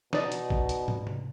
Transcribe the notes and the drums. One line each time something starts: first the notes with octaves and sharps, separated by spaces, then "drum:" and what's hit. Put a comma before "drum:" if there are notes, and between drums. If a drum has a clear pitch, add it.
B2 D#4 D5, drum: snare
drum: hi-hat
drum: kick
drum: hi-hat
drum: tom
drum: tom